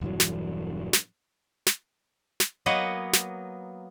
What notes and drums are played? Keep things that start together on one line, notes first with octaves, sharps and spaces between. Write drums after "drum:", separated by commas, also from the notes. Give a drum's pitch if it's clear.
E1 G2 E3 F#3
drum: snare
drum: snare
drum: snare
drum: snare
F#3 A#3 B3 B4 D#5 F#5
drum: snare